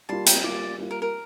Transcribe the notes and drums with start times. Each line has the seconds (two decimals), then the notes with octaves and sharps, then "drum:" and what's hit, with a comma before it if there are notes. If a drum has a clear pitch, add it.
0.09 G3 A#3 F4 A5 C6
0.26 G5 A#5, drum: hi-hat
0.44 G3 A#3 F4 D5
0.78 G3 A#3 F4
0.91 A#4
1.02 A#4